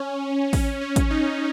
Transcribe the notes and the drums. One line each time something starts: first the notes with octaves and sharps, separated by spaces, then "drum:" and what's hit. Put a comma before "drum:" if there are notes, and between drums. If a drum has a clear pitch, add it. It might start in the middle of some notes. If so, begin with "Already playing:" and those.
Already playing: C#4
C#4, drum: kick, open hi-hat
C#4
drum: kick, hi-hat
D#4